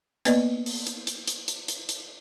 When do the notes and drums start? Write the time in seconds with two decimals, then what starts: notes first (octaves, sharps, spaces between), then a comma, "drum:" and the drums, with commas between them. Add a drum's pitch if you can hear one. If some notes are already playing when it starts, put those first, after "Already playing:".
0.25 A#3 B3 B4 D5 D#5, drum: hi-hat
0.66 drum: open hi-hat
0.87 drum: hi-hat
1.07 drum: hi-hat
1.27 drum: hi-hat
1.48 drum: hi-hat
1.68 drum: hi-hat
1.89 drum: hi-hat